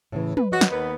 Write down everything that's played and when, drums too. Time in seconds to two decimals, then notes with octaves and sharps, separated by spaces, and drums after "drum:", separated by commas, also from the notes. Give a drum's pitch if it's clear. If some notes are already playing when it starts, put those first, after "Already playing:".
0.12 A2 C#3 E3
0.37 B4, drum: tom
0.52 F#4 D#5
0.61 drum: snare
0.71 D#2 B3